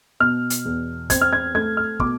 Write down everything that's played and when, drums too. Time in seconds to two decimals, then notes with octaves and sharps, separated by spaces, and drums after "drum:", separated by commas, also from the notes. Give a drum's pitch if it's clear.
0.20 B2 F6
0.50 drum: hi-hat
0.65 E2
1.10 C4 G#6, drum: kick, hi-hat
1.21 F6
1.33 G#6
1.55 A3 G#6
1.77 F6
2.00 B2 D6, drum: kick